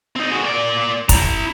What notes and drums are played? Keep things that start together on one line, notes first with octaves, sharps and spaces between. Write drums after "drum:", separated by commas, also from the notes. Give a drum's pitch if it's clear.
C4 D#4
G#3 F#4
A#3 D5
E4 A#5, drum: kick, hi-hat